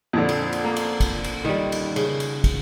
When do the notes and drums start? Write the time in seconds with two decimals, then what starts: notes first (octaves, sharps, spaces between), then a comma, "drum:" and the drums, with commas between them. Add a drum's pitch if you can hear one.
0.13 F2 A#2 D3
0.29 drum: cymbal
0.53 drum: cymbal
0.64 A#3
0.76 drum: cymbal
1.00 drum: kick, cymbal
1.24 drum: cymbal
1.45 D#3 G3
1.72 drum: cymbal
1.96 C#3, drum: cymbal
2.20 drum: cymbal
2.44 drum: kick, cymbal